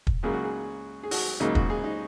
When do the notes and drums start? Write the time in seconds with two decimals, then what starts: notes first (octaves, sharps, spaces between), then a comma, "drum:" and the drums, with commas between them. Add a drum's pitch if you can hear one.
0.07 drum: kick
0.23 C#2 C#3 F#3 A#3 G#4
0.33 F#4
0.44 G#4
1.03 G#4
1.11 F#4, drum: open hi-hat
1.40 C#2 C#3 F#3 A#3 D#4
1.55 F#4, drum: kick
1.70 G#4
1.84 D#4